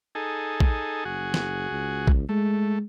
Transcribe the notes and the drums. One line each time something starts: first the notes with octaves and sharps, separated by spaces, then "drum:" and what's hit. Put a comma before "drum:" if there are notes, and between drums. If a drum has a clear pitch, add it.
D#4 G#4 A4
drum: kick
F#1 F#4 G#4
drum: snare
C#2
drum: kick
G#3 A3